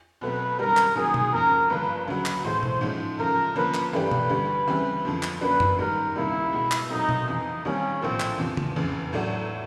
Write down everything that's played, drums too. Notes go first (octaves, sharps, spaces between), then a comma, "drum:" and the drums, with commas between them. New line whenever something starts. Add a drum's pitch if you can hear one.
B2 F#3 A3 C4 B4
F#1 F#2 D#3 G3 A#4
drum: clap
G#2 D#3 F#3 A#3 G#4
drum: tom B2
F#1 F2 C#3 F3 A#4
G1 G2 D3 F3 A#3 B4
D2 C#3 F#3 B4
drum: clap
A2 E3 G#3 C5
drum: tom B2
G#2 F3 G#3 C#4
C#3 F3 A3 A#4
D3 F3 A#3 C#4 B4
drum: clap
G2 E3 A3 D4 G4 B4
drum: tom B2
D2 D3 G3
C#3 E3 G3 C4 E4
F2 D3 F3
drum: clap
F#2 D3 F#3 A#3 D4 B4
drum: tom F#2
G#2 D#3 G3 A#4
C#2 C3 D#3 G3 A#3 E4
B2 G#3 B3
drum: clap
A#2 F#3 A3 C4 D#4
drum: tom B2
F2 C3 E3 D#4
D#2 D#3 G3 C4 C#4
A#1 A2 F3 A#3 C4
drum: clap
E2 C3 F3
drum: tom C#3
F1 E2 C#3
A2 F#3 A3 D4 F#4